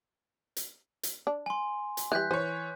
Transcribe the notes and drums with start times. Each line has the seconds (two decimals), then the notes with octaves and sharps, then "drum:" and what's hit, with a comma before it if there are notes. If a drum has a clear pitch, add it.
0.57 drum: hi-hat
1.03 drum: hi-hat
1.27 D4
1.46 G#5 C6
1.97 drum: hi-hat
2.12 E3 G3 F#6 G6 B6
2.31 E3 C5 C#5